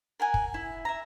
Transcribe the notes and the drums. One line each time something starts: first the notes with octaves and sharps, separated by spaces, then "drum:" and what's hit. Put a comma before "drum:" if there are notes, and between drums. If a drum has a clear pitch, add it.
A#4 F#5 G#5
drum: kick
E4
E5 A#5